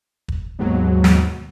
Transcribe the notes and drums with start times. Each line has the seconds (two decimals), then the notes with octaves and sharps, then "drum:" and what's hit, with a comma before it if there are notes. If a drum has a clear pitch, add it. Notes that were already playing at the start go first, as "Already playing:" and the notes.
0.28 drum: kick
0.59 D#2 G#2 B2 F#3
1.04 drum: snare